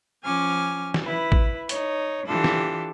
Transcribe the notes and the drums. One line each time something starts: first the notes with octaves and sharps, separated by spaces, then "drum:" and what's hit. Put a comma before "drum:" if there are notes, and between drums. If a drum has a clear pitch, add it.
F3 C#4 G#5 D6 F6
drum: snare
E4 B4
drum: kick A1
D#4 C#5, drum: hi-hat
E3 D4 F4 G4 A4
drum: snare